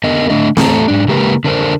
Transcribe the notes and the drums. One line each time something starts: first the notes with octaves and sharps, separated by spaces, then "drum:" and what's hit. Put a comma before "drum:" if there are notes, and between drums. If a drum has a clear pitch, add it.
D3 B3 A#4 D#5
D3 A3 D4 D#5
E2 A2 A3 A4 D5 A#5, drum: snare C4
G#2 D4
C#3 G#3 A#3 G4 A#4 B4
D3 D4 A#4 C5